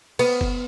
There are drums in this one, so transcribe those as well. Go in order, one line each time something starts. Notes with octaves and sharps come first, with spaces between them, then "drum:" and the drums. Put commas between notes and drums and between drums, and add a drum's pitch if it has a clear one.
B3, drum: cymbal
drum: kick